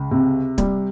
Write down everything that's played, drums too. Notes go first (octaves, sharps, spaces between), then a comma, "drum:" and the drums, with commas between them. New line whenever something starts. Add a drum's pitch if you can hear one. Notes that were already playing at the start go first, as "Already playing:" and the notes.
Already playing: C#2
C3
G3, drum: kick D1, hi-hat